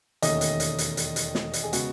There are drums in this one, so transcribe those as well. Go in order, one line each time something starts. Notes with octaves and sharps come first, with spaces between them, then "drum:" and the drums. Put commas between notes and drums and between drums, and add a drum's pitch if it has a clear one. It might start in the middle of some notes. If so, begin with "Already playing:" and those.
E1 D#2 D#3 A3 C#4 D#5, drum: hi-hat
drum: hi-hat
drum: hi-hat
drum: hi-hat
drum: hi-hat
drum: hi-hat
drum: snare
drum: hi-hat
G#4
C#3 G#3 B3 F#4, drum: hi-hat